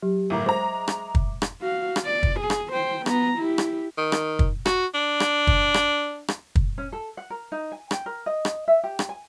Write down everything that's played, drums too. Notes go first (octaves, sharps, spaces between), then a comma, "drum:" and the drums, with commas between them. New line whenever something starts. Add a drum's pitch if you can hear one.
F#3 G4
G1 A2 A#4 E5 D6
G#3 C5 A#5
drum: rim click
drum: kick
drum: rim click
F#4 F5
drum: rim click
D5
drum: kick
G#4
drum: rim click
C5 G5
B3 A#5, drum: rim click
E4 G4
drum: rim click
D#3
drum: rim click
drum: kick
F#4, drum: rim click
D4
drum: rim click
drum: kick
drum: rim click
drum: rim click
drum: kick
C#4
A4
F#5
A#4
D#4
G#5
G5, drum: rim click
A#4
D#5
drum: rim click
E5
G4
drum: rim click
G#5